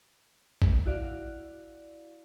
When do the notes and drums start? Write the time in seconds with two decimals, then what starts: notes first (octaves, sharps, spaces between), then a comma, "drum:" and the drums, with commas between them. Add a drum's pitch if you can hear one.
0.62 drum: kick G#1
0.85 E4 F#4 D5 F5